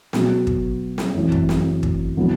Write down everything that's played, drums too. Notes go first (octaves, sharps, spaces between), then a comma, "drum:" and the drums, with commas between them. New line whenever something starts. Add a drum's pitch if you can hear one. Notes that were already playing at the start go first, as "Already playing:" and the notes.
B2 F#3 B3 F#4, drum: snare
drum: kick
drum: snare
F#2 E3 A3 C4 E4
drum: kick
drum: snare
drum: kick
D3 F#3 B3 E4